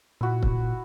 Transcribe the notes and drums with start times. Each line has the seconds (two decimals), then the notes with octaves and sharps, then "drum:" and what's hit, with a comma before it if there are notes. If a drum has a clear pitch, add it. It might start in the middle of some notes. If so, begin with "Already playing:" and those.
0.21 A#2 E4 F#4
0.43 drum: kick C#1